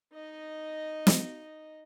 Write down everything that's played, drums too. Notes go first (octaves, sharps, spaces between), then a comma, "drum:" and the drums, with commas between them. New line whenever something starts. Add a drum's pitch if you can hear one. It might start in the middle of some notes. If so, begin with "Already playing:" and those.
D#4 D#5
drum: snare